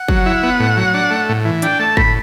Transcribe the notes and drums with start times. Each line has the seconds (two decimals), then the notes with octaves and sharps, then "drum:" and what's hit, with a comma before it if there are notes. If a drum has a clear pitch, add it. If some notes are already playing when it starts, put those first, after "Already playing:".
Already playing: F#5
0.08 F#3, drum: kick
0.26 E4
0.43 B3
0.60 A2
0.77 F#3
0.94 D4
1.11 A3
1.29 A2
1.45 E3
1.62 D4 G5, drum: hi-hat
1.80 A3 A5
1.97 A2 B5, drum: kick